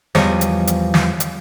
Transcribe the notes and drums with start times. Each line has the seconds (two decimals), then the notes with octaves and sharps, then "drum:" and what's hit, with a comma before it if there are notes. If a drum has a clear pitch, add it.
0.15 E2 F3 G3 C#5 D#5, drum: snare
0.41 drum: hi-hat
0.67 drum: hi-hat
0.94 drum: snare
1.20 drum: hi-hat